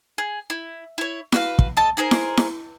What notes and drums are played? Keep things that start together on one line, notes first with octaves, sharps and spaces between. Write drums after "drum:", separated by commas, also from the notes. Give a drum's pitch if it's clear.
G#4
E4
E4 C#5
F#4 B4 F5, drum: snare E4
drum: kick
A4 D#5 A5
D#4 G#4 A#4 C5
drum: snare E4
drum: snare E4